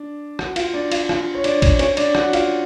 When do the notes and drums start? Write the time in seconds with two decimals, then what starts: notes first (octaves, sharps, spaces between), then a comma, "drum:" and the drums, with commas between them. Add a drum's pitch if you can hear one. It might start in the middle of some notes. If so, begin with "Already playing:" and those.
Already playing: D4
0.39 F#4 F#5, drum: rim click
0.56 F4 F5, drum: cymbal
0.73 D4 D5
0.92 F4 F5, drum: cymbal
1.09 F4 F5, drum: rim click
1.35 C#5
1.44 D4 D5, drum: cymbal
1.62 drum: kick A#1, cymbal
1.79 C#4 C#5, drum: cymbal
1.97 D4 D5, drum: cymbal
2.15 F#4 F#5, drum: rim click
2.33 F4 F5, drum: cymbal